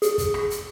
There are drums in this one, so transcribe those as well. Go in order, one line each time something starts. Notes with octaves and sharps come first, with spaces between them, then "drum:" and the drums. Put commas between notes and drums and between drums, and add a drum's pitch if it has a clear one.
G#4, drum: hi-hat
drum: kick, hi-hat
drum: rim click
drum: hi-hat